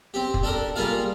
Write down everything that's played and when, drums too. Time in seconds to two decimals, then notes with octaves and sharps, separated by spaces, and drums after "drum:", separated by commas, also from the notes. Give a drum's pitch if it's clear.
0.14 C4 G4
0.34 drum: kick
0.43 D4 A4 A#4
0.76 G3 A#3 F4 G#4 F5